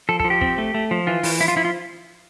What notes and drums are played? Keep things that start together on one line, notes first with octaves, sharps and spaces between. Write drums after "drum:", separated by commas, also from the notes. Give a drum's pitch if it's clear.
F3 A4
A4, drum: kick
F3
G4
C4, drum: kick
A3
A3
F3
E3 F4
E3, drum: open hi-hat
F3 E4
F4
F3 E4
F4